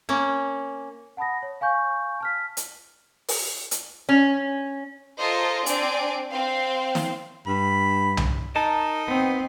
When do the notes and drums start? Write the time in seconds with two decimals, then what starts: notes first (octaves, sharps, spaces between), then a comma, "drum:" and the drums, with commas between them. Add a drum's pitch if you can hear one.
0.09 A#3 C#4
1.17 F#5 A5 B5 D#6 A#6
1.43 C#5
1.61 F5 G#5 C#6 G6
2.20 A5 F6 B6
2.57 drum: hi-hat
3.28 drum: open hi-hat
3.71 drum: hi-hat
4.09 C#4
5.19 F4 A4 A#4 C5 D#5
5.66 C4 D4 D5 G#5 D7, drum: hi-hat
6.30 C4 F5
6.95 drum: snare
7.47 G2 B5
8.17 drum: tom C2
8.56 D#4 A#4 A5
9.08 B3 C4